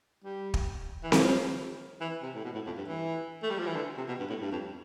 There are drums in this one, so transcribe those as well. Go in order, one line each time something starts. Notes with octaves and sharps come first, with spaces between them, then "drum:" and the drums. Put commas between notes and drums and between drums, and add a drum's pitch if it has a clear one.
G3
drum: kick
E3
F3, drum: snare C4
E3
C3
A2
B2
A2
F2
G2
E3
A3
G3
F3
E3
D3
C3
B2
G2
A2
G2
F2